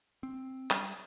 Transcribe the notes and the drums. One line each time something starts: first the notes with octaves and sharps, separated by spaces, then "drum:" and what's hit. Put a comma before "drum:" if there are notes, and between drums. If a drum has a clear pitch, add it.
C4
G3, drum: clap